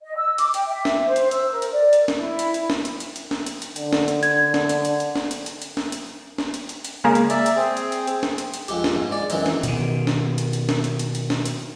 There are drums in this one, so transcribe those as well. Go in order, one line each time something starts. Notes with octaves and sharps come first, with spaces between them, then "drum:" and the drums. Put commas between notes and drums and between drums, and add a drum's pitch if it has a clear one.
D#5
E6
D6, drum: hi-hat
G5, drum: hi-hat
E5
drum: snare
C5
drum: hi-hat
E6, drum: hi-hat
A#4
drum: hi-hat
D5
drum: hi-hat
drum: snare
E4
drum: hi-hat
drum: hi-hat
drum: snare
drum: hi-hat
drum: hi-hat
drum: hi-hat
drum: snare
drum: hi-hat
drum: hi-hat
D3, drum: hi-hat
drum: snare
drum: hi-hat
G#6, drum: hi-hat
drum: snare
drum: hi-hat
drum: hi-hat
drum: hi-hat
drum: snare
drum: hi-hat
drum: hi-hat
drum: hi-hat
drum: snare
drum: hi-hat
drum: snare
drum: hi-hat
drum: hi-hat
drum: hi-hat
C#3 G#3 A#3
drum: hi-hat
D5 E5, drum: hi-hat
drum: hi-hat
C4 G#4
drum: hi-hat
drum: hi-hat
drum: hi-hat
drum: snare
drum: hi-hat
drum: hi-hat
F2 G#3 G4, drum: hi-hat
drum: snare
G#2
G#3 D5
F#2 E3 G#3 C4 D#4, drum: hi-hat
drum: snare
B2 D#3, drum: hi-hat
drum: snare
drum: hi-hat
drum: hi-hat
drum: snare
drum: hi-hat
drum: hi-hat
drum: hi-hat
drum: snare
drum: hi-hat